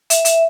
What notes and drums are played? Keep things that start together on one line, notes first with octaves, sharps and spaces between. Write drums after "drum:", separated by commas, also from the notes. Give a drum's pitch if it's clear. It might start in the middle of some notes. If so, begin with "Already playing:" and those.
E5, drum: hi-hat
E5, drum: hi-hat